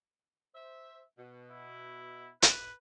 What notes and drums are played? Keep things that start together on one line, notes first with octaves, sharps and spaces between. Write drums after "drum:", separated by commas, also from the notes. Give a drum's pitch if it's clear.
C5 E5
B2
E4
B4, drum: hi-hat